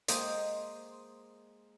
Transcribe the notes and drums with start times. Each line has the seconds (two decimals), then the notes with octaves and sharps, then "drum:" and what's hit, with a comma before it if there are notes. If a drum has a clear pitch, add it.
0.08 G#3 A#3 C5 D#5 G5, drum: hi-hat